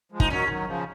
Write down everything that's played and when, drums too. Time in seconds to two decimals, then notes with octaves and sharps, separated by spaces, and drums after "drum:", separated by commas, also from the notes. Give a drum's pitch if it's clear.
0.12 F3 G#3
0.20 D#4, drum: kick
0.30 D#3 F#3 C#4
0.43 G#3
0.48 D#3 F#3
0.67 C#3 F3